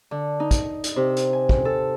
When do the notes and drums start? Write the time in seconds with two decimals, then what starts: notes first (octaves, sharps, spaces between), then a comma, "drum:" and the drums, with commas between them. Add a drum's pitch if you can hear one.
0.11 D3
0.40 D#4
0.51 drum: kick, hi-hat
0.84 drum: hi-hat
0.96 C3
1.17 drum: hi-hat
1.33 G#5
1.49 drum: kick
1.65 A4